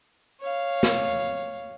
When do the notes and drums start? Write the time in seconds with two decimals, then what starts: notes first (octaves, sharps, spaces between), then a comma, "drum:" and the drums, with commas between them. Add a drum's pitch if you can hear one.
0.41 C#5 F5
0.83 drum: snare